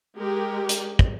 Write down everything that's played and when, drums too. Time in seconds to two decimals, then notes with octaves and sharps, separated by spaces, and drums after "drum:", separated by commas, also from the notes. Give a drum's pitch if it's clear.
0.15 G#3 G4 A#4
0.69 drum: hi-hat
0.99 drum: kick